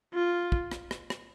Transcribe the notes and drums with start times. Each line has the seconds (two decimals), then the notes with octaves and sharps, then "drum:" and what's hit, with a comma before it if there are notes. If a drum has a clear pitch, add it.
0.14 F4
0.52 drum: kick
0.71 drum: rim click
0.91 drum: rim click
1.10 drum: rim click